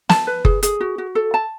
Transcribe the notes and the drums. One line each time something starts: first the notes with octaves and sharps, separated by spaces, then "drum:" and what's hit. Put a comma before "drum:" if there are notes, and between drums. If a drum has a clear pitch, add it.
A5, drum: snare
B4
G#4, drum: kick F#1
G#4, drum: hi-hat
F#4
F#4
A4
A5